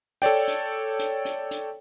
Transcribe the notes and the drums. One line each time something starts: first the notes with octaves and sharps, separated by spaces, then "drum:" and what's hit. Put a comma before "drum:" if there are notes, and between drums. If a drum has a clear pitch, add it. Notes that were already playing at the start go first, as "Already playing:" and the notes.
A4 C#5 D5 G5, drum: hi-hat
drum: hi-hat
drum: hi-hat
drum: hi-hat
drum: hi-hat